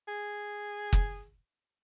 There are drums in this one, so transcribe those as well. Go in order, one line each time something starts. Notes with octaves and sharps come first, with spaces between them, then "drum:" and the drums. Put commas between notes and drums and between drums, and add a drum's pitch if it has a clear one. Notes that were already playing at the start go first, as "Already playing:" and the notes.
G#4
drum: kick